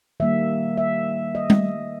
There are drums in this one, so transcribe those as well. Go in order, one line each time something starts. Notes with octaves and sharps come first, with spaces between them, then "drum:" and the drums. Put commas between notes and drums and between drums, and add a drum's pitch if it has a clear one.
D#3 G3 A#3 E5
E5
D#5
drum: tom G3